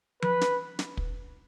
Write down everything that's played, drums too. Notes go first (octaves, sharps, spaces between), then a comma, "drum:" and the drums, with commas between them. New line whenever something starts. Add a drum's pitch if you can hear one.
B4, drum: tom F3
drum: snare
drum: snare
drum: kick